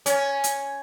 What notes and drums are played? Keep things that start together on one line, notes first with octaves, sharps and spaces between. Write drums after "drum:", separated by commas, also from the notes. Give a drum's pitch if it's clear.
C#4, drum: hi-hat
drum: hi-hat